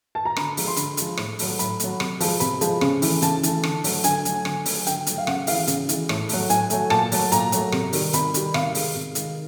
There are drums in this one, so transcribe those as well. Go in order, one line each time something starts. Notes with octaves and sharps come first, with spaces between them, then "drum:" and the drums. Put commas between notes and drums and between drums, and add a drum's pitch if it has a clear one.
A5
A#5
D3 B5, drum: rim click
F3 G#3, drum: open hi-hat
C6
D3 B5, drum: hi-hat
F3 G#3, drum: hi-hat
A2, drum: rim click
F#3 A3, drum: open hi-hat
A2 B5, drum: hi-hat
F#3 A3, drum: hi-hat
C3, drum: rim click
F3 G#3, drum: open hi-hat
C3 B5, drum: hi-hat
F3 G#3, drum: hi-hat
C#3, drum: rim click
E3 A3, drum: open hi-hat
C#3 A5, drum: hi-hat
E3 A3, drum: hi-hat
D3, drum: rim click
F#3 A3, drum: open hi-hat
D3 G#5, drum: hi-hat
F#3 A3, drum: hi-hat
D3, drum: rim click
F#3 A3, drum: open hi-hat
D3 G5, drum: hi-hat
F#3 A3, drum: hi-hat
F5
C#3 F#5, drum: rim click
E3 G#3 F5, drum: open hi-hat
C#3, drum: hi-hat
E3 G#3, drum: hi-hat
A2, drum: rim click
F#3 A3, drum: open hi-hat
A2 G#5, drum: hi-hat
F#3 A3, drum: hi-hat
A#2 A5, drum: rim click
F#3 A3, drum: open hi-hat
A#2 A#5, drum: hi-hat
F#3 A3, drum: hi-hat
C3, drum: rim click
D#3 G3, drum: open hi-hat
C3 B5, drum: hi-hat
D#3 G3, drum: hi-hat
C3 F5, drum: rim click
D#3 G#3, drum: open hi-hat
C3
D#3 G#3, drum: hi-hat